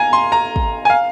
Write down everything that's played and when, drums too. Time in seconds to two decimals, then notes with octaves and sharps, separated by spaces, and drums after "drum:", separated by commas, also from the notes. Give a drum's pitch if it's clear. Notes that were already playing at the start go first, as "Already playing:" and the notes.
Already playing: F5 G#5 A#5
0.13 C6
0.32 A#5
0.56 drum: kick
0.85 G#5
0.90 F5